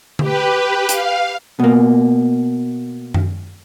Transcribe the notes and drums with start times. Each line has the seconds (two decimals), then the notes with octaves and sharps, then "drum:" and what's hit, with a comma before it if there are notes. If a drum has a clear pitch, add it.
0.19 G4 B4, drum: tom D3
0.89 F5, drum: hi-hat
1.60 B2 A#3
3.14 drum: tom F#2